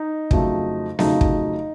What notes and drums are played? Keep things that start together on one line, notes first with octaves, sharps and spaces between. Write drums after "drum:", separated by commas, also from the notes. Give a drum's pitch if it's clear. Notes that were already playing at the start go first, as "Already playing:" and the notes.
Already playing: D#4
F2 C#3 F#3 A3, drum: kick
F2 C#3 F#3 A3 D#4, drum: snare B3
drum: kick